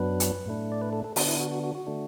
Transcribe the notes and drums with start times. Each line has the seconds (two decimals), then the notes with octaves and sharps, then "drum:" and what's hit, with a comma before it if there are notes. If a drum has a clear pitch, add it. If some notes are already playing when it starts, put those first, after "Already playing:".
Already playing: F#2 F#3 B3 D4 B4
0.20 drum: hi-hat
0.46 A2 A3 D4
0.72 D5
0.82 B4
0.93 A4
1.04 A4
1.16 D3 B3 D4 F#4, drum: open hi-hat
1.28 E4
1.40 F#4
1.52 F#4
1.64 F#4
1.75 F#4
1.87 D3 A3 D4